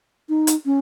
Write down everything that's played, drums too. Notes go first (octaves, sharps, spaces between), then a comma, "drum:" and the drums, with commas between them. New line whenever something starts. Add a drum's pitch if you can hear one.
D#4
drum: hi-hat
C#4